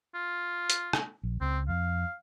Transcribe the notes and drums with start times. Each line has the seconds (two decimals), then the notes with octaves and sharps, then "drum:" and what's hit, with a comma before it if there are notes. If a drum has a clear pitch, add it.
0.15 F4
0.70 drum: hi-hat
0.93 drum: rim click
1.23 A#1
1.41 C#2 C4
1.68 F2 F5